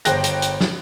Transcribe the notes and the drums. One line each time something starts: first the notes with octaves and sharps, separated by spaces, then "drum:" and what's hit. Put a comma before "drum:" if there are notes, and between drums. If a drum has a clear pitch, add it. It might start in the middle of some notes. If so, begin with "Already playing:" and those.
G1 C5 G5 F#6 A#6, drum: hi-hat
drum: hi-hat
drum: hi-hat
drum: snare